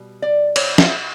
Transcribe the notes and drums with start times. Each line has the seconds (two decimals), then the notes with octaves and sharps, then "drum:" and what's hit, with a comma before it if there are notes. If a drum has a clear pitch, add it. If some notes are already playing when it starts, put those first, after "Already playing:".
Already playing: B2 G3
0.22 D5
0.56 C#5, drum: cymbal
0.78 E5, drum: snare